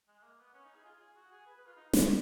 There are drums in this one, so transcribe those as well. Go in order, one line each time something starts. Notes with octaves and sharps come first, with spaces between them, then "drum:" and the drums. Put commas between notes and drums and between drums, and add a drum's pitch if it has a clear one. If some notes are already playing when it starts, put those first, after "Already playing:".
G#3
G#3
A#3
B3
C#4
D#4
G#4
F4
G#4
F#4
G#4
B4
B4
F4
D#4
C#4, drum: snare